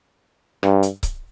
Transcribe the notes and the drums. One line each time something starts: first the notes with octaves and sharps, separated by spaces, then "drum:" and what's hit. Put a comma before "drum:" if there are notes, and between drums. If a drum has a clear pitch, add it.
G2, drum: rim click
drum: hi-hat
drum: kick C#1, hi-hat